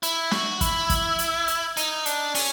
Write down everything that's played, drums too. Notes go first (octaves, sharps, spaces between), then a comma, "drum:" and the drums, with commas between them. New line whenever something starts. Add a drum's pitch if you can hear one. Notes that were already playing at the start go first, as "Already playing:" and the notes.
E4, drum: hi-hat
F#4, drum: snare
E4, drum: kick, hi-hat
drum: kick, hi-hat
drum: hi-hat
drum: hi-hat
D#4, drum: hi-hat
D4, drum: hi-hat
C#4, drum: open hi-hat